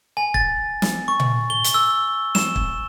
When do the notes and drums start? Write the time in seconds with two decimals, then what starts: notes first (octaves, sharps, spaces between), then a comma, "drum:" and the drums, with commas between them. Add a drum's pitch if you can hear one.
0.17 G#5
0.34 A6, drum: kick
0.82 drum: snare
1.08 C#6
1.20 drum: tom A#2
1.50 G7
1.64 drum: hi-hat
1.74 E6
2.35 E7, drum: snare
2.56 drum: kick